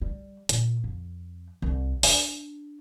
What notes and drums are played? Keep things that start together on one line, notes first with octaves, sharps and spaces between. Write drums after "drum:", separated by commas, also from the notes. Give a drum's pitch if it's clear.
G3
A#2, drum: hi-hat
F2
C2
D4, drum: open hi-hat